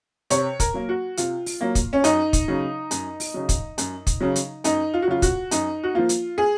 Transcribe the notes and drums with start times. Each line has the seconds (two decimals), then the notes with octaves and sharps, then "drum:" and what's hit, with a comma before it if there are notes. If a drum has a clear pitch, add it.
0.30 C3 C#5, drum: hi-hat
0.60 A#4, drum: kick, hi-hat
0.74 F#3 A#3
0.89 F#4
1.17 C3 F4, drum: hi-hat
1.46 drum: open hi-hat
1.61 F#3 A#3
1.75 drum: kick, hi-hat
1.93 C#4
2.04 F#2 D#4, drum: hi-hat
2.33 drum: kick, hi-hat
2.48 C#3 F#3
2.91 F#2, drum: hi-hat
3.20 drum: open hi-hat
3.34 C#3 F#3
3.49 drum: kick, hi-hat
3.78 F#2, drum: hi-hat
4.07 drum: kick, hi-hat
4.20 C#3 F#3
4.36 drum: hi-hat
4.64 F#2 D#4, drum: hi-hat
4.94 F4
5.02 F#4
5.08 C#3 F#3 F4
5.22 F#4, drum: kick, hi-hat
5.51 F#2 D#4, drum: hi-hat
5.83 F#4
5.94 F3 A#3 F4
6.09 drum: hi-hat
6.38 G#4